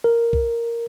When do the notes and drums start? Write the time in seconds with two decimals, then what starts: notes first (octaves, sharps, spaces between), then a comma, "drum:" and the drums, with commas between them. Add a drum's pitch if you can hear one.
0.04 A#4
0.33 drum: kick B1